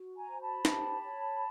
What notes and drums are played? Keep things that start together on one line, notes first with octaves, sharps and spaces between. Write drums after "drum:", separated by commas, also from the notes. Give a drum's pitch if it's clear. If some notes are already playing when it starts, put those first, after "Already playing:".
Already playing: F#4
G#5 A#5
C5
A5 B5
G4, drum: snare D#4
C#5